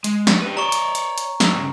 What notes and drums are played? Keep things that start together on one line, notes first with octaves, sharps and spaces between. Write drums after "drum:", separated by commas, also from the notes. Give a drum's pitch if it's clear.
G#3, drum: hi-hat
drum: snare
G4 B4
C#5 D5 A#5 C#6
drum: hi-hat
drum: hi-hat
drum: hi-hat
drum: snare
G2 C#3